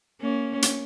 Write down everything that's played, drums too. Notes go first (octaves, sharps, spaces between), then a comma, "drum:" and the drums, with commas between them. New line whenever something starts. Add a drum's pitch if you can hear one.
A#3 C#4
drum: hi-hat